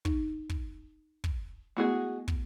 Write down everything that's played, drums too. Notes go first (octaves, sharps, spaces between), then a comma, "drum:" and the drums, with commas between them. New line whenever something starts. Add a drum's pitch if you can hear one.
D#4, drum: kick
drum: kick
drum: kick
G#3 A3 B3 E4 F#4 G#4
drum: kick